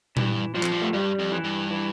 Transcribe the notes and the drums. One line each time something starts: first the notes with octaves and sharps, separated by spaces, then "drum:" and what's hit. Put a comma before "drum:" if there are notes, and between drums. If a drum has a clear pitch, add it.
G2 E3, drum: tom A#2
G2 F3
F2, drum: clap
G2
A3
G2 G3
F2
E3
G2
E3